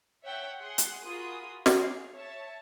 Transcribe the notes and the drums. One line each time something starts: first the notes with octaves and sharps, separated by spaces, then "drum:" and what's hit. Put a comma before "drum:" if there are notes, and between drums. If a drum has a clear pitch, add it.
C#5 E5 F#5 G5 A5
G#4 F#5 C6
drum: hi-hat
F4 F#4 G#4 A#4 B5 D#6
G#4 F5, drum: snare
C#5 E5 A5